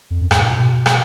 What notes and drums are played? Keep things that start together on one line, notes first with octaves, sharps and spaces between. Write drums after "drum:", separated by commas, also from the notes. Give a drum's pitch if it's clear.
F2
F#2
G#2, drum: rim click
A#2
B2
drum: rim click